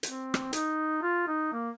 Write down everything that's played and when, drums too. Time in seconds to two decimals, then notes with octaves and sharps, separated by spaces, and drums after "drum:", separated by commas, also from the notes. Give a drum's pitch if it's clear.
0.03 C4, drum: hi-hat
0.34 drum: rim click
0.53 D#4, drum: hi-hat
1.03 F4
1.28 D#4
1.53 A#3